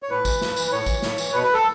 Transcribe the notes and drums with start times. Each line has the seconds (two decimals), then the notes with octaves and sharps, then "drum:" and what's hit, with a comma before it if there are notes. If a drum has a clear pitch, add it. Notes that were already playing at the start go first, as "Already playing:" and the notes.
0.03 C#5
0.09 A2 B4
0.25 E3, drum: kick, tambourine
0.41 A2, drum: snare
0.56 E3, drum: tambourine
0.66 B4
0.71 A2 C#5
0.86 E3, drum: kick, tambourine
1.02 A2, drum: snare
1.18 E3, drum: tambourine
1.33 B2 B4
1.43 B4
1.53 A4